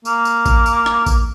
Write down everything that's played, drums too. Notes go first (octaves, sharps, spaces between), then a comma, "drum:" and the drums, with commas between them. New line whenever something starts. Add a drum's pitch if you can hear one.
A#3, drum: tambourine
drum: tambourine
drum: kick A1, tambourine
drum: tambourine
drum: rim click
drum: kick A1, tambourine